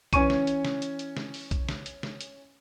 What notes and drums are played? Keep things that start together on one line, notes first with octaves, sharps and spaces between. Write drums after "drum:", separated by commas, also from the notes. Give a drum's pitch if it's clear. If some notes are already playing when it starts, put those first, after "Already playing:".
E3 C#4 G#5 C#6 D#7, drum: kick B1, hi-hat
drum: snare
drum: hi-hat
drum: snare
drum: hi-hat
drum: hi-hat
drum: snare
drum: open hi-hat
drum: kick B1, hi-hat
drum: snare
drum: hi-hat
drum: snare
drum: hi-hat